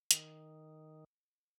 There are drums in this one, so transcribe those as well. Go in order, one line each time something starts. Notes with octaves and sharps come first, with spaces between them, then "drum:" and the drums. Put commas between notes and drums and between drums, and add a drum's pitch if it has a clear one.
D#3, drum: hi-hat